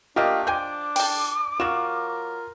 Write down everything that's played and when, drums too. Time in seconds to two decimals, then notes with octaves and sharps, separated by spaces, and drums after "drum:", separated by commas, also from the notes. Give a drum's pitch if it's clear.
0.16 A3 A#3 D4 F4 G4 D#5
0.47 F3 G5 G#5 D6 G6
0.96 G5 A5, drum: open hi-hat
1.60 F#3 F4 F#4 A#4 E7